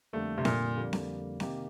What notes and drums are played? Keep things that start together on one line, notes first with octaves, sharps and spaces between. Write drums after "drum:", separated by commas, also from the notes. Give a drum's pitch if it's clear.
F2 D3 G3 A3 A#3
C3
A#2, drum: snare C4
F2 D3 G3 A#3
drum: snare C4
C3 D#3 A#3 D#4 G4, drum: snare C4